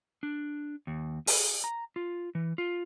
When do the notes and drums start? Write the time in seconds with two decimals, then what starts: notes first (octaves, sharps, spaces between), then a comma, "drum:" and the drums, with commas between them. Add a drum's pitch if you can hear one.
0.23 D4
0.87 D#2
1.27 G#4, drum: open hi-hat
1.64 A#5
1.96 F4
2.35 E3
2.58 F4